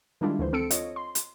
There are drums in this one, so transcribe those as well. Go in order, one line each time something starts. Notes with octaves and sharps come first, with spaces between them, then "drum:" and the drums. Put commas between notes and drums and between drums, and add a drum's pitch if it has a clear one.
D#3 G3 G#3 D4 E4 F4
D2 E3 C5
C4 A4 E6 C#7 D7
F4 C#5 D#5, drum: hi-hat
C6
drum: hi-hat